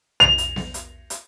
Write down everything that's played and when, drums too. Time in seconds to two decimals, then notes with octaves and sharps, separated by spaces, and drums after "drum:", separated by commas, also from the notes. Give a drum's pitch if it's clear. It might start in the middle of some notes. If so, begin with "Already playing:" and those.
0.20 F7, drum: tom
0.38 drum: hi-hat
0.56 drum: snare B3
0.74 drum: hi-hat
1.10 drum: hi-hat